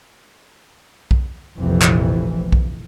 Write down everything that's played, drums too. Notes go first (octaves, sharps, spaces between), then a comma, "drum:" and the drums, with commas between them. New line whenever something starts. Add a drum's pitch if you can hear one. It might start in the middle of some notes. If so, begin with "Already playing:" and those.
drum: kick B1
F1 A#1 F2 E3
drum: clap
drum: kick B1